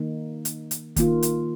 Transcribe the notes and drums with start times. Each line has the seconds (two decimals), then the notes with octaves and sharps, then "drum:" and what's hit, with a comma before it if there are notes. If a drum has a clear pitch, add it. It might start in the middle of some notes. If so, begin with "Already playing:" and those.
Already playing: D#3 A#3 D#4
0.45 drum: hi-hat
0.71 drum: hi-hat
0.96 D#3 A#3 F4, drum: kick, hi-hat
1.23 drum: hi-hat